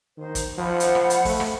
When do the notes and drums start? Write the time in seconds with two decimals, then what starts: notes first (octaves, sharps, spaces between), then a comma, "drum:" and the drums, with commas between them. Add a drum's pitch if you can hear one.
0.17 D#3 D#4 C5
0.35 drum: kick, hi-hat
0.58 F3 C5 F#5 B5
0.80 drum: hi-hat
0.95 drum: rim click
1.10 drum: hi-hat
1.25 A3, drum: kick, open hi-hat
1.40 drum: rim click